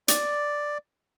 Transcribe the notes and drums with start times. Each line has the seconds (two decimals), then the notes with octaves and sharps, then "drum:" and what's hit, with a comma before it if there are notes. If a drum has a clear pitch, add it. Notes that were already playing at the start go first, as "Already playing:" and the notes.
0.08 D5, drum: hi-hat